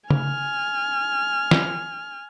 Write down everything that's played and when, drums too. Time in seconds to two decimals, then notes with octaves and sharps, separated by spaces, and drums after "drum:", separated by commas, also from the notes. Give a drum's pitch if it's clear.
0.11 G#5 F6, drum: tom C#3
1.51 drum: snare